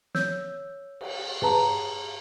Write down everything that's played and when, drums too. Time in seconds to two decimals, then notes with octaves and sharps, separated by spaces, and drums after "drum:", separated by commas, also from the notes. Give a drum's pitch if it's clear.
0.15 C#5 E6 G6, drum: snare
1.01 drum: cymbal
1.42 G#4 B4 A5 A#5, drum: tom